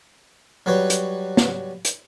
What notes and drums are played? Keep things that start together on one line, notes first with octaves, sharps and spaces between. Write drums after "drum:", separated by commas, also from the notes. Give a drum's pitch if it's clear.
F#3 G3 B4 C#5
drum: hi-hat
drum: snare
drum: hi-hat